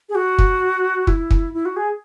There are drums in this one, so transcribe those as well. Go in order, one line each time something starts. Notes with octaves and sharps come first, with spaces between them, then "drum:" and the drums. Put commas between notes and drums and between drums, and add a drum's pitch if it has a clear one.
G#4
F#4
drum: kick
E4, drum: kick
drum: kick
E4
F#4
G#4